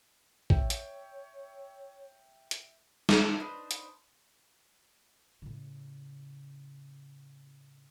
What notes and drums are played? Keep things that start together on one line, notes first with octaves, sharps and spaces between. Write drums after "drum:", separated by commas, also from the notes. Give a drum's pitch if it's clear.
C#5 E5 G5, drum: kick A1
drum: hi-hat
drum: hi-hat
drum: snare
D4 D#4 B4 C5
drum: hi-hat
A2 C#3